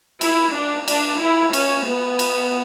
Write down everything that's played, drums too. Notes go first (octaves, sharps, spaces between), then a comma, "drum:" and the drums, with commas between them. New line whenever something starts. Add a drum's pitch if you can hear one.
E4, drum: cymbal
D4
D4, drum: cymbal
E4
C#4, drum: cymbal
B3
drum: cymbal